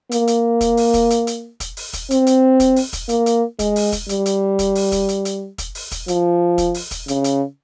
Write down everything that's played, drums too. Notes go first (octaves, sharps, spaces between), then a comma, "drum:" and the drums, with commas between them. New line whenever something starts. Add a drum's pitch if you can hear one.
A#3, drum: hi-hat
drum: hi-hat
drum: kick, hi-hat
drum: open hi-hat
drum: kick, hi-hat
drum: hi-hat
drum: hi-hat
drum: kick, hi-hat
drum: open hi-hat
drum: kick, hi-hat
C4, drum: hi-hat
drum: hi-hat
drum: kick, hi-hat
drum: open hi-hat
drum: kick, hi-hat
A#3, drum: hi-hat
drum: hi-hat
G#3, drum: kick, hi-hat
drum: open hi-hat
drum: kick, hi-hat
G3, drum: hi-hat
drum: hi-hat
drum: kick, hi-hat
drum: open hi-hat
drum: kick, hi-hat
drum: hi-hat
drum: hi-hat
drum: kick, hi-hat
drum: open hi-hat
drum: kick, hi-hat
F3, drum: hi-hat
drum: kick, hi-hat
drum: open hi-hat
drum: kick, hi-hat
C#3, drum: hi-hat
drum: hi-hat